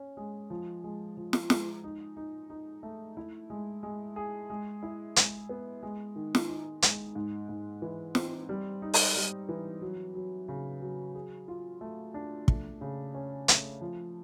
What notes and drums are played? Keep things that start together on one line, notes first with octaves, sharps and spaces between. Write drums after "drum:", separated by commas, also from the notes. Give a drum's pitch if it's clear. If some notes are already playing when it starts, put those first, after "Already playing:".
Already playing: C#4
G#3
F3
G#3
F3
drum: snare
G#3, drum: snare
D#4
D#4
D#4
A3
E4
G#3
G#3
G#4
G#3
E4
G#3, drum: hi-hat
B3
G#3
D#3
drum: snare
D#4
G#3, drum: hi-hat
G#2
G#2
E3
C4, drum: snare
G3
D#4
drum: open hi-hat
G3
E3
F#3
F#3
C#3
F#3
G#4
F4
A3
D4
A3, drum: kick
C#3
C#4
A3, drum: hi-hat
F3